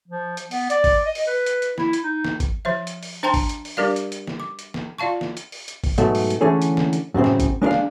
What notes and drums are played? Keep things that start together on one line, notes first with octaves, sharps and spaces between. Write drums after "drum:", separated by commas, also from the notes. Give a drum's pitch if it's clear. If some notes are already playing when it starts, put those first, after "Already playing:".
F3
drum: hi-hat
B3, drum: open hi-hat
D5, drum: hi-hat
drum: kick, open hi-hat
D#5
drum: open hi-hat
B4
drum: hi-hat
drum: hi-hat
E4, drum: snare
drum: hi-hat
D#4
drum: snare
drum: kick, hi-hat
F3 C5 E5
drum: hi-hat
drum: open hi-hat
D4 C5 G5 A5 A#5 C6
drum: kick, open hi-hat
drum: hi-hat
drum: open hi-hat
G3 D4 G4 A#4 D5 F5
drum: hi-hat
drum: hi-hat
drum: snare
D6
drum: hi-hat
drum: snare
F4 D5 F5 A5 C#6
drum: snare
drum: hi-hat
drum: open hi-hat
drum: hi-hat
drum: kick, open hi-hat
G#2 B2 F#3 A3, drum: hi-hat
drum: open hi-hat
drum: hi-hat
D3 E3 A3 C#4 G#4 A4
drum: hi-hat
drum: snare
drum: hi-hat
F#2 A2 C#3 C4
drum: snare
drum: kick, hi-hat
G#3 D4 A#4 D5 F5
drum: snare